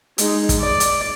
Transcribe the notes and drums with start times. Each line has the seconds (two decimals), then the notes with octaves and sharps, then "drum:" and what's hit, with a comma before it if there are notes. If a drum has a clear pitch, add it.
0.18 G#3 D#4, drum: hi-hat
0.49 drum: kick, hi-hat
0.60 D5
0.80 drum: hi-hat